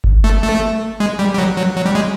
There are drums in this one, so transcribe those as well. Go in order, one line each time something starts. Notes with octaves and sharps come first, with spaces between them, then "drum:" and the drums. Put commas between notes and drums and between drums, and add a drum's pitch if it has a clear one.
drum: kick F#1
A3
A3
G#3
G3
G3
F#3
F#3
F#3
G3
G#3